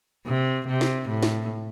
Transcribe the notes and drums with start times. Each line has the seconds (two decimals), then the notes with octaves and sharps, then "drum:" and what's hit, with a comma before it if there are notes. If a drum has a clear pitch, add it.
0.26 C3
0.67 C3
0.81 drum: snare
1.08 A2
1.23 drum: snare